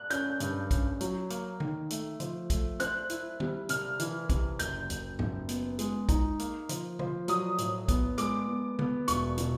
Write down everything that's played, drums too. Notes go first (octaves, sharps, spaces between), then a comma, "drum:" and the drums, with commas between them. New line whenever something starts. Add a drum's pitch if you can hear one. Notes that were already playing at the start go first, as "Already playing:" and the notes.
Already playing: F#6
C#4 G6, drum: hi-hat
G2, drum: hi-hat
C#4, drum: kick, hi-hat
F#3, drum: hi-hat
A#3, drum: hi-hat
D#3, drum: tom
A3, drum: hi-hat
F3, drum: hi-hat
A3, drum: kick, hi-hat
C4 F#6, drum: hi-hat
E4, drum: hi-hat
G3, drum: tom
C3 F6, drum: hi-hat
E3, drum: hi-hat
C3, drum: kick, hi-hat
F#1 G6, drum: hi-hat
F#1, drum: hi-hat
F#1, drum: tom
B3, drum: hi-hat
G#3, drum: hi-hat
D#4, drum: kick, hi-hat
A#3, drum: hi-hat
F3, drum: hi-hat
F3, drum: tom
F#3 D#6, drum: hi-hat
A2, drum: hi-hat
B3, drum: kick, hi-hat
G#3 D6, drum: hi-hat
B3
B3, drum: tom
E1 C#6, drum: hi-hat
B2, drum: hi-hat